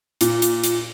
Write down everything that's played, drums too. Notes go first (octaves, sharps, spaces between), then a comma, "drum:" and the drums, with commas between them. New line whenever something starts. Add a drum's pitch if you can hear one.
A#2, drum: hi-hat
drum: hi-hat
drum: hi-hat